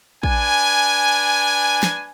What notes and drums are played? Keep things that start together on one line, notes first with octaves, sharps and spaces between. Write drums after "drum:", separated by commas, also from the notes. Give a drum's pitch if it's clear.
D4 B4 G#5, drum: kick
drum: snare